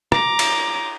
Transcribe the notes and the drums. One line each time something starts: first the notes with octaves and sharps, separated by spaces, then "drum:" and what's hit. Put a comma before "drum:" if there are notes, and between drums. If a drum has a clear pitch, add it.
A#5 D6, drum: rim click
drum: cymbal